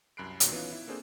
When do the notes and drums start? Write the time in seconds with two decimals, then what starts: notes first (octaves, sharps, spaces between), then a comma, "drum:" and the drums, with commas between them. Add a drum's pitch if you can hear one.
0.17 C2 F#2 B5 F#6 C7 D7
0.40 B1 A#2 D#3 F#3, drum: hi-hat
0.52 E3 B3 C#4 D#4 F4
0.72 E4
0.88 A#3 C4 D4 G#4 A4 C5